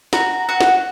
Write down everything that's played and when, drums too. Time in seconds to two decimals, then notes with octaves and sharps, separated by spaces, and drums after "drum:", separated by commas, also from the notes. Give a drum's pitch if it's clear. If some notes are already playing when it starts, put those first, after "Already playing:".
0.13 F#4 A#5, drum: snare
0.49 F#4 F#5
0.61 drum: snare